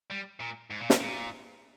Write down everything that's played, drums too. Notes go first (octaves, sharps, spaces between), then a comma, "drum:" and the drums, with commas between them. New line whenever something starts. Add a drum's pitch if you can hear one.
G3
A#2
G#2
A#2
G#2, drum: snare
A#2